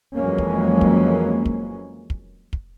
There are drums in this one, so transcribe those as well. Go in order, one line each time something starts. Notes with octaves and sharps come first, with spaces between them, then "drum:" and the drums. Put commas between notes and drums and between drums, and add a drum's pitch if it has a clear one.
F2 E3 F#3 G#3 A#3 C#4
drum: kick
drum: kick
drum: kick
drum: kick
drum: kick